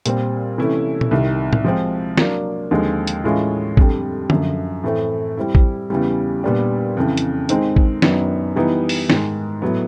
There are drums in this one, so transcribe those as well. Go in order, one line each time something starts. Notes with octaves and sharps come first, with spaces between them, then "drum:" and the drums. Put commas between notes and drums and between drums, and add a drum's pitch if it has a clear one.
A#2 G3 C4, drum: hi-hat
C3 E3 A3 C#4 E4
drum: tom A#2
C2 C3 D#3
drum: tom A2
F3 G#3 C4
F#3 A#3 D4, drum: snare
D#2 D3 F3 G#3 C4
drum: hi-hat
A2 E3 G#3 C#4 F4
F2 D3 G3, drum: kick A1
F#2 D3 F3, drum: tom D3
A2 E3 A3 C4
G3 C4 E4
drum: kick A1
E2 C#3 E3 G3
A#2 G3 B3 D4 G4
F2 C#3 E3
drum: hi-hat
D#3 G#3 C4 D#4, drum: hi-hat
drum: kick A1
F#2 D#3 F#3 B3 D4, drum: snare
E3 G3 B3 D#4
drum: open hi-hat
G#2 D#3 G#3, drum: snare
A2 F#3 B3